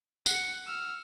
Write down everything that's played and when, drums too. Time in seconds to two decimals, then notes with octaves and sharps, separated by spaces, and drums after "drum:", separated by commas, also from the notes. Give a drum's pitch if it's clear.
0.26 F#5 C#7, drum: tambourine
0.66 E6 F6